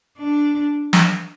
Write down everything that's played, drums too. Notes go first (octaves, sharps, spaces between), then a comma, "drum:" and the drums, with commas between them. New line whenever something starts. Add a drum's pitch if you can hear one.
D4
drum: snare